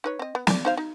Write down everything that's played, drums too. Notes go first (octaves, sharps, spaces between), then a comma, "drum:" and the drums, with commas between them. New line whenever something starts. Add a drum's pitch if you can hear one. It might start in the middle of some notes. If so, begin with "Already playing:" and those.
D#4 B4 C#5
C4 D#5
B3
A3 D5, drum: snare
D#4 C5 F5
D#4